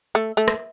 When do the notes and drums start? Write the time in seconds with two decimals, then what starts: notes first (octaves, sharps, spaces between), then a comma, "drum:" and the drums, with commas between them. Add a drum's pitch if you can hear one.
0.15 A3
0.37 A3
0.48 drum: rim click